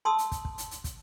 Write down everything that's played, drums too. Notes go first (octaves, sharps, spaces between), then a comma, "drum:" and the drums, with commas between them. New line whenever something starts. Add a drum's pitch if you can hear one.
A5 C6 D#6 E6
drum: hi-hat
drum: kick, hi-hat
drum: kick
drum: hi-hat
drum: hi-hat
drum: kick, hi-hat